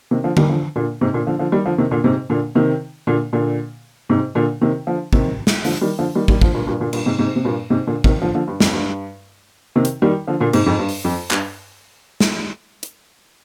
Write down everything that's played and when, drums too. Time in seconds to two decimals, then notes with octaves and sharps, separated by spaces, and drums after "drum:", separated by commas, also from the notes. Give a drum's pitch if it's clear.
0.11 C3 D#3
0.24 D3 F3
0.37 D#3 G3, drum: tom D3
0.49 D3 F3
0.76 A#2 D3
1.01 G#2 C3
1.14 A#2 D3
1.27 D3 F3
1.39 D3 F3
1.52 D#3 G3
1.66 D3 F3
1.78 C3 D#3
1.91 A#2 D3
2.04 G#2 C3
2.30 A#2 D3
2.55 C3 D#3
3.07 A#2 D3
3.33 A#2 D3
4.09 G#2 C3
4.35 A#2 D3
4.62 C3 D#3
4.87 D3 F3
5.13 C3 D#3, drum: kick
5.47 drum: snare
5.65 D3 F3, drum: open hi-hat
5.81 D#3 G3
5.99 D3 F3
6.15 D#3 G3
6.28 D#3 G3, drum: kick
6.42 D3 F3, drum: kick
6.54 G2 A#2
6.67 G2 A#2
6.80 A#2 D3
6.93 G2 A#2, drum: cymbal
7.06 G#2 C3
7.18 G#2 C3
7.36 C3
7.45 G2 A#2
7.70 G#2 C3
7.87 A#2 D3
8.04 C3 D#3, drum: kick
8.22 D3 F3
8.34 D3 F3
8.48 G2
8.60 F2, drum: snare
8.73 G2
9.76 C3 D#3
9.85 drum: hi-hat
10.02 D#3 G3
10.27 D3 F3
10.40 A#2 D3
10.53 G#2 C3, drum: cymbal
10.66 F2 G#2
10.79 G2
10.89 drum: open hi-hat
11.04 F2
11.31 G2, drum: clap
12.20 drum: snare
12.83 drum: hi-hat